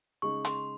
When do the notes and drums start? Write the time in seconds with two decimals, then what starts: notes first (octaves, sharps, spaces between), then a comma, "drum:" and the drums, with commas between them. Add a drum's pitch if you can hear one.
0.22 C#3 G#3 D#4 G#4 C#6
0.45 C6, drum: hi-hat